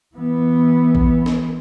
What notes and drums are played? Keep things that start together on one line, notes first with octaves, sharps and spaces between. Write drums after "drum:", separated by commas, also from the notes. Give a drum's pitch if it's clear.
E3 B3
drum: kick A#1
drum: snare